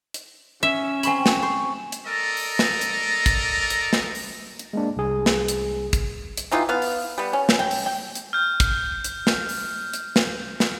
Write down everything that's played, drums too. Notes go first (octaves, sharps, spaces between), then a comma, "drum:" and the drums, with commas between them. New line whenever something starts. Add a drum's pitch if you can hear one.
drum: hi-hat
C#4 E5
C4 G#5 B5 C#6 E7, drum: hi-hat
drum: snare
C5 C#6
drum: hi-hat
A4 A#4 D5 D#5
drum: open hi-hat
drum: snare
drum: hi-hat
drum: kick, hi-hat
drum: hi-hat
drum: snare
drum: open hi-hat
drum: hi-hat
G#3 A#3 D4
C2 G#4
drum: snare
drum: hi-hat
drum: kick, hi-hat
drum: hi-hat
E3 D#4 F4 G4
B3 F5
drum: open hi-hat
G3 B3
C#4
drum: snare
G5
drum: open hi-hat
G5
drum: hi-hat
F6 G6
drum: kick, hi-hat
drum: hi-hat
drum: snare
drum: open hi-hat
drum: hi-hat
drum: snare
drum: snare